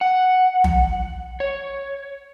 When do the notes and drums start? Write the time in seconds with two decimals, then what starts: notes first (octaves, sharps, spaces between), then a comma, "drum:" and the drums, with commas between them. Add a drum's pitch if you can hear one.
0.01 F#5
0.64 drum: tom
1.40 C#5